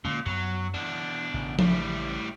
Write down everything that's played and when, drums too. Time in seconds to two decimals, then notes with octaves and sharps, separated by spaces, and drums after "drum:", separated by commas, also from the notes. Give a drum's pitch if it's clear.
0.05 A#2 D3 G#3 C#4
0.26 F#2 F#3 B3
0.74 B2 E3 D4
1.34 A1 C#3 E3
1.59 A2 G3, drum: tom F3